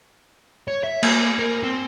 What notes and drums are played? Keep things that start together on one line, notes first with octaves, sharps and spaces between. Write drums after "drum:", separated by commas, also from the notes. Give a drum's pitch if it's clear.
C#5
E5
A#3, drum: cymbal
A#4
C4